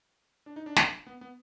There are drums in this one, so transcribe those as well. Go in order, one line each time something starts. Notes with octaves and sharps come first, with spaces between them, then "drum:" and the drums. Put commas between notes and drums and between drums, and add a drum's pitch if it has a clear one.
D4
D#4
D4
drum: snare
B3
B3